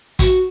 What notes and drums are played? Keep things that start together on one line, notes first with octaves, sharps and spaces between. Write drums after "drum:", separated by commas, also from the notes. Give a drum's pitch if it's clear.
F#4, drum: kick, hi-hat